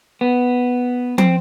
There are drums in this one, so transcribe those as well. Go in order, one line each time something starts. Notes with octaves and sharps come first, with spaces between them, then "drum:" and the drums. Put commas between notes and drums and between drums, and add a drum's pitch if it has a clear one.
B3
C4, drum: tom